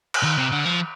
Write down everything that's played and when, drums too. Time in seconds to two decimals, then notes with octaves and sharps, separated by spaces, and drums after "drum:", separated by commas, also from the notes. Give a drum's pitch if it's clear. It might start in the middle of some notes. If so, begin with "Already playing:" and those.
0.14 drum: cymbal
0.23 D#3
0.38 C3
0.52 D3
0.65 F3